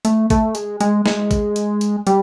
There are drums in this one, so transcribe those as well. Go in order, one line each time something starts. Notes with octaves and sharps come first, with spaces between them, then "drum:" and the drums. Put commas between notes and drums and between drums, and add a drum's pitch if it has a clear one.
A3, drum: hi-hat
A3, drum: kick, hi-hat
G#3, drum: hi-hat
G#3, drum: hi-hat
G#3, drum: snare
drum: kick, hi-hat
drum: hi-hat
drum: hi-hat
G3, drum: hi-hat